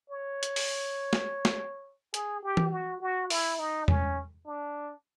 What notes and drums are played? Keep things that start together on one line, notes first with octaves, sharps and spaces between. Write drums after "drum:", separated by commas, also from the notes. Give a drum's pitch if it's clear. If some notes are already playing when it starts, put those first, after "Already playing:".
C#5
drum: hi-hat
drum: open hi-hat
drum: snare
drum: snare
G#4, drum: hi-hat
G4
drum: tom E3
F#4
F#4
E4, drum: open hi-hat
D#4
C#4, drum: tom E2
D4